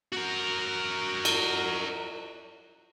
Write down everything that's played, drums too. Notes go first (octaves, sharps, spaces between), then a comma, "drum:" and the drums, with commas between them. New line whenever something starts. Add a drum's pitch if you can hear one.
F#4 A#4
drum: cymbal